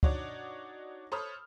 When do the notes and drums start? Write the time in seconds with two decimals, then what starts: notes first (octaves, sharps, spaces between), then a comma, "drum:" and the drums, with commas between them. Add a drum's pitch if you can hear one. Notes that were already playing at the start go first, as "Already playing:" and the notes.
0.03 D4 D#4 F#4 C#5 D5, drum: kick
1.12 A4 C5 C#5 B5 D#6 F6